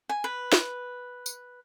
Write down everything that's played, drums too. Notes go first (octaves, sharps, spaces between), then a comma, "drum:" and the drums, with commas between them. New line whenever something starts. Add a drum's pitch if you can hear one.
G#5
B4
drum: snare
drum: tambourine